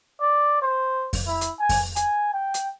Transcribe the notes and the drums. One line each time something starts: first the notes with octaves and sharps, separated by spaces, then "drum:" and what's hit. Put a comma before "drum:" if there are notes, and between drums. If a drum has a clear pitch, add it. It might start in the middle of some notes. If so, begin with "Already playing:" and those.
D5
C5
drum: kick F2, open hi-hat
E4
drum: hi-hat
G#5
drum: kick F2, open hi-hat
G#5, drum: hi-hat
G5
drum: hi-hat